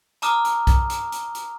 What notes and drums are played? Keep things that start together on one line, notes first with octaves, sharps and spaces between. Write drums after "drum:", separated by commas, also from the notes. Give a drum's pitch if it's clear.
A5 A#5 D6 D#6 F6, drum: hi-hat
drum: hi-hat
drum: kick B1, hi-hat
drum: hi-hat
drum: hi-hat
drum: hi-hat